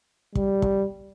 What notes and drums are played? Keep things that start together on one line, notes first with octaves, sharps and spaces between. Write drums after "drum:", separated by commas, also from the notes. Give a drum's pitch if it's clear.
G3, drum: kick
drum: kick